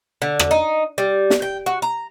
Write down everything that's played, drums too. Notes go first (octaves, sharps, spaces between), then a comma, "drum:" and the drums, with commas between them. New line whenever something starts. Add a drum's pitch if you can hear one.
D3
drum: rim click
D#4
G3
drum: snare
G5
F#4
A#5